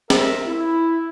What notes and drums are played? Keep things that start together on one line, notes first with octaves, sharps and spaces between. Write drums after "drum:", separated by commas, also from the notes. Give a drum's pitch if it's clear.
A#4 C5 E5, drum: snare
E4